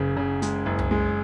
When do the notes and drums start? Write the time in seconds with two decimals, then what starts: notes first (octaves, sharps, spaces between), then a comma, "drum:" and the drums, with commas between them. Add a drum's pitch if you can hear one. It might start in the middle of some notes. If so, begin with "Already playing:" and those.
Already playing: F#1 C#3
0.17 C#3
0.42 G#3, drum: hi-hat
0.66 F#1
0.79 drum: tom C2
0.91 G#3